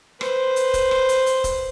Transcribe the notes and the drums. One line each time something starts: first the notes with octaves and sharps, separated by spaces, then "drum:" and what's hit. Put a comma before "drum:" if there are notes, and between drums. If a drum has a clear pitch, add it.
B4 C5, drum: rim click
drum: hi-hat
drum: kick E1, hi-hat
drum: rim click
drum: hi-hat
drum: hi-hat
drum: kick E1, hi-hat